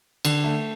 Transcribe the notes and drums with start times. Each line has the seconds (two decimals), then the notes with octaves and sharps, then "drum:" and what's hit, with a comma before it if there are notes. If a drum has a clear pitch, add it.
0.25 D3, drum: cymbal
0.44 A3